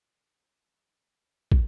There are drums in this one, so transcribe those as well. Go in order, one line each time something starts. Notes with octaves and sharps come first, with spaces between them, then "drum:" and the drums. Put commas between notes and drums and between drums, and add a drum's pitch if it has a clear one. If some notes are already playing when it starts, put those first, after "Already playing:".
C4
E4
D4
C4
drum: kick